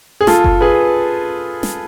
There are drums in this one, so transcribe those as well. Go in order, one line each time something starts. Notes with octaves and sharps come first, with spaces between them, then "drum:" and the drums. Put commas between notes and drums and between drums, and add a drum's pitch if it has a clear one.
G#4
F4 A4, drum: snare
drum: kick F#1
G#4 B4
drum: snare